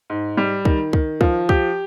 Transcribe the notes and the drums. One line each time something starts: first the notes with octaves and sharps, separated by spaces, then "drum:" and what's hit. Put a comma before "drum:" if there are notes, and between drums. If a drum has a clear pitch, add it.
G#2
G3
D#3, drum: kick
D#3, drum: kick
F3, drum: kick
G4, drum: kick